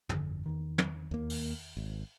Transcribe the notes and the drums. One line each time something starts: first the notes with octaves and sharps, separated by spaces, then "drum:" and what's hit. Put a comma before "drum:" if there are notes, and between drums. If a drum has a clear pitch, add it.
G1 F2 D3, drum: tom
E2 D#3
drum: tom
D#2 A#3
drum: open hi-hat
G#1